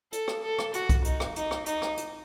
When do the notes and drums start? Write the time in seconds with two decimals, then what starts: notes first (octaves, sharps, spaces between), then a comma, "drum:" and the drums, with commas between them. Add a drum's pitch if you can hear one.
0.12 A4, drum: hi-hat
0.28 drum: rim click
0.43 A4
0.59 drum: rim click
0.74 F#4, drum: hi-hat
0.89 drum: kick C2, hi-hat
1.04 D#4, drum: hi-hat
1.20 drum: rim click
1.36 D#4, drum: hi-hat
1.51 drum: rim click
1.66 D#4, drum: hi-hat
1.82 drum: rim click
1.97 drum: hi-hat